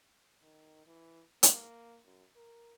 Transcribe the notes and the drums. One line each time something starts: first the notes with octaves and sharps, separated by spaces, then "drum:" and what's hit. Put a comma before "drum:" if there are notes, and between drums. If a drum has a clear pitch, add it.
D#3
E3
A#3, drum: hi-hat
F#2
A#4